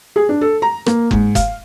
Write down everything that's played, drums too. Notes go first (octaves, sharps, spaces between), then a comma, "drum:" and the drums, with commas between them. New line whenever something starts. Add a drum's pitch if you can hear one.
G#4
D4
A4
A#5
A#3, drum: rim click
G#2, drum: kick F#1
F5, drum: kick F#1, hi-hat